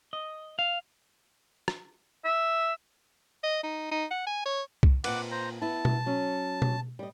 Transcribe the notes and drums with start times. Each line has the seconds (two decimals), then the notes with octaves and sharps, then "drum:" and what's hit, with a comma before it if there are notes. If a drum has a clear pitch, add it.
0.13 D#5
0.59 F5
1.68 drum: rim click
2.25 E5
3.43 D#5
3.63 D#4
3.91 D#4
4.11 F#5
4.27 G#5
4.45 C#5
4.83 drum: kick C2
5.04 A#2 C4 B4 F#5 D6, drum: cymbal
5.31 C5 A#5
5.61 B3 E4 A5
5.85 drum: tom B2
6.06 F#3 C#4
6.62 drum: tom B2
6.99 G3 D#5